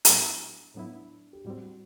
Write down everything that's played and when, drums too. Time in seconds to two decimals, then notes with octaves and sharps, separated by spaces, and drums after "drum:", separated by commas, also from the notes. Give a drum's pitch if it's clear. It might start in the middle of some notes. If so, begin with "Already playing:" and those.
0.05 A2 F#3 B3 D4 E4, drum: hi-hat
0.74 A2 F#3 B3 D4 E4
1.33 G4
1.45 A2 G3 C4 F#4